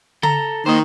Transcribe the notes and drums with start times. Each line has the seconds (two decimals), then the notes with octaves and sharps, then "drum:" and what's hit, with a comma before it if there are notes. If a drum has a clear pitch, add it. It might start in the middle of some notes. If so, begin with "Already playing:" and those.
0.23 A4 A#5, drum: tom C#3
0.66 D#3 A#3 C5 D#5